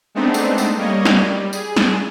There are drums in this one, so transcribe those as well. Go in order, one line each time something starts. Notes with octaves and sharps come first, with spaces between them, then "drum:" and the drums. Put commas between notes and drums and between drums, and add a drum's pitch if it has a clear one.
G#3 A3 B3 C4 D4 D#4
drum: tambourine
drum: tambourine
G3 A#3 C#5 D#5
drum: snare
G3
G#4, drum: tambourine
drum: snare